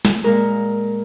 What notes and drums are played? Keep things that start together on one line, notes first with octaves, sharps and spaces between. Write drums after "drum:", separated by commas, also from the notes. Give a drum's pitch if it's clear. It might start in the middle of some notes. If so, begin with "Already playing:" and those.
drum: snare
A#2 G#3 A#4